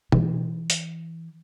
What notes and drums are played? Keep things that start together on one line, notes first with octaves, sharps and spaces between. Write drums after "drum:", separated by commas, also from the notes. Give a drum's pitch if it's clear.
E3, drum: tom
drum: hi-hat